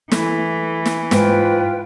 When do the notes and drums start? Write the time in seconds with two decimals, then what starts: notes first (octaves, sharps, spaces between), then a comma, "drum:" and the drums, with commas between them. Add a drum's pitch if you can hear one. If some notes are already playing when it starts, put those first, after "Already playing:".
0.12 E3 A3 E4, drum: snare
0.86 drum: snare
1.11 G#2 F4 B4 G5, drum: snare